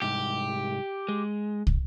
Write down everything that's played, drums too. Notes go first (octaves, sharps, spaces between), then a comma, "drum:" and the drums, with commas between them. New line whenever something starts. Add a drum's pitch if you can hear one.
C2 G#2 G4
G#3
drum: kick